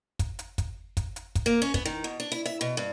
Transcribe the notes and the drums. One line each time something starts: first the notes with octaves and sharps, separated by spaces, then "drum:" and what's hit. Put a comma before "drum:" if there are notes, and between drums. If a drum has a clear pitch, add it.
drum: kick, hi-hat
drum: hi-hat
drum: kick, hi-hat
drum: kick, hi-hat
drum: hi-hat
drum: kick, hi-hat
A#3
C#4
B3, drum: kick
D#3
B2
D4
E4
E5
B2
G2